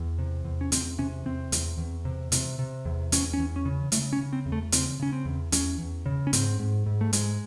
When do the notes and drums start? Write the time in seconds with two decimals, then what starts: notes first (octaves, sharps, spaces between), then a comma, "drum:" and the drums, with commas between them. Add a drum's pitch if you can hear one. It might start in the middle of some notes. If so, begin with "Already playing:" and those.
Already playing: E2
0.19 C3
0.45 E2
0.61 C#4
0.72 E2 C4, drum: hi-hat
0.98 C3 C#4
1.25 E2 C4
1.52 E2, drum: hi-hat
1.78 E2
2.05 C3
2.32 C3, drum: hi-hat
2.59 C3
2.85 E2
3.12 E2 C#4, drum: hi-hat
3.34 C#4
3.39 E2
3.56 C#4
3.65 C#3
3.92 C#3 A3, drum: hi-hat
4.13 C#4
4.18 C#3
4.33 C4
4.46 E2
4.52 A3
4.72 C#3 C4, drum: hi-hat
5.00 C#3 C#4
5.13 C4
5.26 E2
5.52 E2 C#4, drum: hi-hat
5.79 E2
6.06 C#3
6.27 C#4
6.33 G#2 C4, drum: hi-hat
6.59 G#2
6.86 G#2
7.01 A3
7.13 G#2 G#3, drum: hi-hat